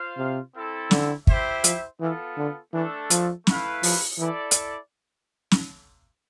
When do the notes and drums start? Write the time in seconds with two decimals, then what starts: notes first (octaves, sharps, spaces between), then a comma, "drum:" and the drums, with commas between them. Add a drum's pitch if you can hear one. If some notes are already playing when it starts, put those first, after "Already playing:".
Already playing: F4 C5 F5
0.18 C3
0.54 C4 E4 A4
0.91 D3, drum: snare
1.27 E4 G4 C5 E5, drum: kick
1.64 F3, drum: hi-hat
2.00 E3 B3 F4 A4
2.37 D3
2.73 E3 A3 D4 A4
3.10 F3, drum: hi-hat
3.47 A3 E4 B4 F5, drum: snare
3.83 F3, drum: open hi-hat
4.18 E3 E4 A4 D5
4.51 drum: hi-hat
5.51 drum: snare